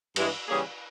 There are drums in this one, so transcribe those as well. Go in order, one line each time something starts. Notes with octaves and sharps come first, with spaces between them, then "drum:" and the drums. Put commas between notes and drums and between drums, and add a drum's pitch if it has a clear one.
G2 E3 G#3, drum: cymbal
C#3 E3 G3 A#3 C#4 G#4